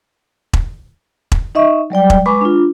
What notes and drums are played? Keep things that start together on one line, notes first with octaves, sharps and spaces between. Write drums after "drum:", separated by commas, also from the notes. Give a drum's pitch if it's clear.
drum: kick E1
drum: kick E1
D#4 D#5 E5 C#6
F#3 G3 D5 G5
drum: kick E1
G#3 B4 G#5 B5 C#6 D6
D4 F4